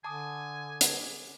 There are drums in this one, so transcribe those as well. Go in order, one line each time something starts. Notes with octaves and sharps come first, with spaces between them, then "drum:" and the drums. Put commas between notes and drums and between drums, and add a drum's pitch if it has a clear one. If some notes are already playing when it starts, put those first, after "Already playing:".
D3 G#5 A5 D6 D#6
drum: hi-hat